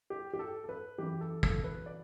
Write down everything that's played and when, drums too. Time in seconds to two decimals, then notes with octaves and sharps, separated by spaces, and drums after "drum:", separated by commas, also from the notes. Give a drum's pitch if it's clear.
0.10 G4
0.33 G4
0.39 A4
0.64 A4
0.69 B4
0.98 F#2 E3 G3 G4
1.21 A4
1.43 A4, drum: kick
1.64 B4
1.86 D5